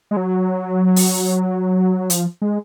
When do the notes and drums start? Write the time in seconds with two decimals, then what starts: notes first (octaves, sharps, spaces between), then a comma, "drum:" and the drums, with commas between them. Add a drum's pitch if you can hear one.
0.11 G#3
0.17 F#3
0.96 drum: open hi-hat
2.10 F3, drum: hi-hat
2.42 G#3